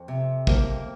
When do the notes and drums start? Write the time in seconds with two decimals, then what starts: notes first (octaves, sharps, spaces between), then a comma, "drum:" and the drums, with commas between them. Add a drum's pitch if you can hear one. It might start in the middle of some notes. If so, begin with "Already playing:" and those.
Already playing: F2
0.08 C3
0.47 F2 A#3, drum: kick